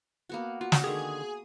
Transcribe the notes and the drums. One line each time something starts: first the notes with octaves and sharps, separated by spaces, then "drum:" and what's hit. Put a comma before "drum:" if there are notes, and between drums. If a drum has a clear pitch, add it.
A#3 B3 F#4
F4 F#4
drum: snare
D3 D#3 G4 G#4